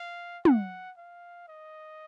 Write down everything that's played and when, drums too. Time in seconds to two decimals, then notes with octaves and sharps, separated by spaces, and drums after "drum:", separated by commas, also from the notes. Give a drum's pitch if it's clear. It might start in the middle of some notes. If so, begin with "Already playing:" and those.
Already playing: F5
0.45 F#5, drum: tom
0.97 F5
1.48 D#5